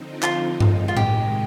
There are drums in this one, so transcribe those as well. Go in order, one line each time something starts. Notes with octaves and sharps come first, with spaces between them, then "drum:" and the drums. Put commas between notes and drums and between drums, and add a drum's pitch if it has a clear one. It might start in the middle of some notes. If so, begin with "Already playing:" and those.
Already playing: D3 F3 C4 D#4
F4, drum: clap
C3 D#3 G#3 D#4, drum: tom G2
F4
G4, drum: tom A2